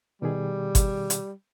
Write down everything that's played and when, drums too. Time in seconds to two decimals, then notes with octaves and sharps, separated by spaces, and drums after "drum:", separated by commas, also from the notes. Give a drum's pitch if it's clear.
0.22 B2 D#3 G3 G#4
0.75 drum: kick G1, hi-hat
1.10 drum: hi-hat